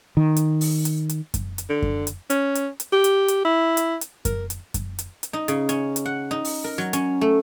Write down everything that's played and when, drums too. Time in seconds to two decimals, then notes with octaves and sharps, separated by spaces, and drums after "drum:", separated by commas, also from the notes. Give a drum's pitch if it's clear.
0.17 D#3
0.36 drum: hi-hat
0.61 drum: open hi-hat
0.85 drum: hi-hat
1.09 drum: hi-hat
1.34 drum: kick F#2, hi-hat
1.58 drum: hi-hat
1.70 D3
1.82 drum: kick F#2
2.07 drum: hi-hat
2.30 C#4, drum: hi-hat
2.55 drum: hi-hat
2.80 drum: hi-hat
2.93 G4
3.04 drum: hi-hat
3.28 drum: hi-hat
3.45 E4
3.77 drum: hi-hat
4.01 drum: hi-hat
4.25 A#4, drum: kick F#2, hi-hat
4.50 drum: hi-hat
4.74 drum: kick F#2, hi-hat
4.99 drum: hi-hat
5.23 drum: hi-hat
5.33 D#4
5.48 C#3, drum: hi-hat
5.69 C#4, drum: hi-hat
5.96 drum: hi-hat
6.06 F#5
6.31 D#4
6.44 drum: open hi-hat
6.64 A#4
6.78 F#3
6.93 C#4, drum: hi-hat
7.21 A3